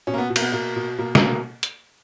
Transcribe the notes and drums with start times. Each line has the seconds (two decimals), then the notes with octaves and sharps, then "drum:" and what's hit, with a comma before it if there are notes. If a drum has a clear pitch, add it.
0.07 B2 C#4
0.14 A#3
0.18 B3
0.30 B2
0.36 A#3, drum: cymbal
0.41 B3
0.52 B2 A#3
0.76 B2
0.99 B2 A#3
1.15 A#3, drum: snare
1.21 B2
1.63 drum: hi-hat